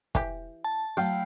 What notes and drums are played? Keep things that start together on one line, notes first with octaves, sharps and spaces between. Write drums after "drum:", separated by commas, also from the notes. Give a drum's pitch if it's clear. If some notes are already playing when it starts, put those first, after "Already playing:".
E3 G4, drum: kick
A5
F#3 A3 E4 F5 G5